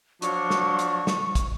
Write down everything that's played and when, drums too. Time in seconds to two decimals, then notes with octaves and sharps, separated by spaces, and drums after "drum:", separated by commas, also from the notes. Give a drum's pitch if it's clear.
0.22 F3 F#3 D4 C#6, drum: hi-hat
0.50 drum: snare
0.79 drum: hi-hat
1.07 drum: snare
1.35 drum: kick, hi-hat